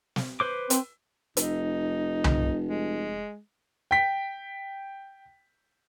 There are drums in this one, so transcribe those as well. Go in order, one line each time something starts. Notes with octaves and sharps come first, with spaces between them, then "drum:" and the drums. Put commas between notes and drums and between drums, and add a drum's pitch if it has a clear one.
drum: snare
B4 C5 D6
C4, drum: hi-hat
F1 D#4, drum: hi-hat
drum: tom C2
G#3
G5 B6